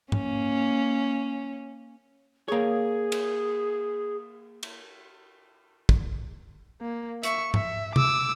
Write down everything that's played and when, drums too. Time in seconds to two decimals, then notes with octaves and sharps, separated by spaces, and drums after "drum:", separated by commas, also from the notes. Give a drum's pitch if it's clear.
0.12 A#3 C#4, drum: tom G#2
2.48 A#3 G#4 C#5
3.12 drum: cymbal
4.63 drum: cymbal
5.89 drum: kick
6.81 A#3
7.23 E5 C#6, drum: hi-hat
7.54 E5, drum: tom G#2
7.96 D6 E6, drum: tom C3